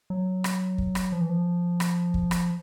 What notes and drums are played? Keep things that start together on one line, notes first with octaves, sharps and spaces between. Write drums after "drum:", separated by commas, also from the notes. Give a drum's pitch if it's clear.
F#3
drum: rim click
drum: kick
drum: rim click
F3
E3
F3
drum: rim click
drum: kick
drum: rim click